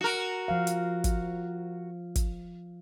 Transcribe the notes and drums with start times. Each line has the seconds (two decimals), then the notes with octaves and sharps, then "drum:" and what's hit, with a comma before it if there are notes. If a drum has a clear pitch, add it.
0.01 F#4 A#4
0.48 F3 F5
0.67 drum: hi-hat
1.04 drum: kick, hi-hat
2.16 drum: kick, hi-hat